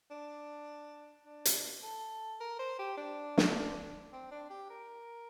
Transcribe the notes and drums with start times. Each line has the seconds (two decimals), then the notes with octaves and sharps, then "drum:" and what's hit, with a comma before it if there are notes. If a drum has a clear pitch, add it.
0.11 D4
1.26 D4
1.45 drum: hi-hat
1.83 A4
2.40 A#4
2.59 C5
2.79 G4
2.97 D4
3.38 drum: snare
4.13 C4
4.31 D4
4.50 G4
4.70 A#4